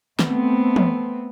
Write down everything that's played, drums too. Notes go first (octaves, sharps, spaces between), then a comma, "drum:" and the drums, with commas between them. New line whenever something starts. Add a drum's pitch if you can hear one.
A3 B3 C4, drum: snare
drum: tom E3